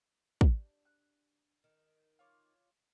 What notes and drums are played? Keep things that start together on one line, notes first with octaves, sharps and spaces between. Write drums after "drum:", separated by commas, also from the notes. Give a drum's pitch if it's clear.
D4 G4, drum: kick
F#6
D#3
F4 C#5 D6